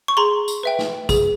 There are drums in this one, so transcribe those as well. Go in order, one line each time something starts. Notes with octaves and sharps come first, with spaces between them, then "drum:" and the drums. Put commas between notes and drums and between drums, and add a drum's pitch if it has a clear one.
C#6
G#4 A#5 C6
drum: tambourine
B4 E5 G5
drum: snare
G#4, drum: kick, tambourine